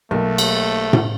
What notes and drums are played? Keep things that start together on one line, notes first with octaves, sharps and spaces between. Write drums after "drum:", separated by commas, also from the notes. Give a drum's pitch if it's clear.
B1 A3 A#3
drum: cymbal
drum: tom A2